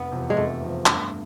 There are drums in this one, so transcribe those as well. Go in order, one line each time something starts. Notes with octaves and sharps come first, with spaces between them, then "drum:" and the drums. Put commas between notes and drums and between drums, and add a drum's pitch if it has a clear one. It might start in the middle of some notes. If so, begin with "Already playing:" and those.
Already playing: F1 B3
E2 C3 F3
G#3
F1 A3
E2 C3 F3
G2, drum: clap